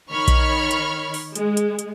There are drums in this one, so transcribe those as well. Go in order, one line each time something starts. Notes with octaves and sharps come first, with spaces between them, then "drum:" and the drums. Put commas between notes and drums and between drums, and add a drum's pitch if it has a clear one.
D#3 C#5 B5 C#6 F6
drum: kick A#1, hi-hat
drum: hi-hat
drum: open hi-hat
G#3, drum: hi-hat
drum: hi-hat
drum: hi-hat